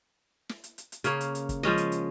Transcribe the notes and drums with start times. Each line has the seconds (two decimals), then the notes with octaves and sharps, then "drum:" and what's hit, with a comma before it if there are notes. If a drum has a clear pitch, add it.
0.49 drum: snare
0.64 drum: hi-hat
0.78 drum: hi-hat
0.92 drum: hi-hat
1.04 C#3 A#3 C#5, drum: hi-hat
1.21 drum: hi-hat
1.35 drum: hi-hat
1.49 drum: kick, hi-hat
1.63 F3 G#3 C#4 D#5, drum: snare
1.78 drum: hi-hat
1.92 drum: hi-hat